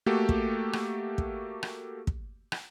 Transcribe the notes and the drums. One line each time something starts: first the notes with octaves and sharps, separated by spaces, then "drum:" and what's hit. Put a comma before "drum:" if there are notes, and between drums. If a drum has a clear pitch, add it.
A3 A#3 F#4 G4 A4
drum: kick
drum: rim click
drum: kick
drum: rim click
drum: kick
drum: rim click